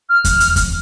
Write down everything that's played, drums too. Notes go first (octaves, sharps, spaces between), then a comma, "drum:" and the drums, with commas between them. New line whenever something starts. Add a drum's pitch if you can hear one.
F6
drum: kick E2, hi-hat
drum: hi-hat
drum: kick E2, hi-hat